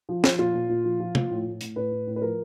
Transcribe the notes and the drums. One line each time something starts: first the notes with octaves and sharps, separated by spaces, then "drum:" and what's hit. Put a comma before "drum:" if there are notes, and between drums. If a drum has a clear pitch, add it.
F3
F3, drum: snare
A#2 F4
A#2
A#2
F3
F3
F3, drum: tom
A2
A2
A2, drum: hi-hat
A2 B4
A2
A2
B4
F3 A#4